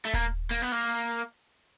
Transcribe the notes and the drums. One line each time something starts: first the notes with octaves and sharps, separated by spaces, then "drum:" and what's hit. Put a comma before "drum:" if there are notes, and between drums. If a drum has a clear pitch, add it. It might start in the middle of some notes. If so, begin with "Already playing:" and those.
A3
A#3, drum: kick D#1
A#3
B3
A#3